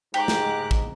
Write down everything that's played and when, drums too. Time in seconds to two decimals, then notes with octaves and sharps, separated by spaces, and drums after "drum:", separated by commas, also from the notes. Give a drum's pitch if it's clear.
0.14 G#2 G4 A#5 D6 F#6
0.28 drum: snare
0.71 drum: kick